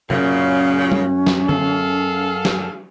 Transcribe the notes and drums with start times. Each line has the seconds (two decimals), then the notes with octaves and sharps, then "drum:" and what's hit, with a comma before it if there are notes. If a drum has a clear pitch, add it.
0.10 F#2 A#2 C#3 C#4, drum: tom
0.92 drum: tom
1.27 drum: snare
1.49 G#4 A4 F5, drum: tom
2.45 drum: snare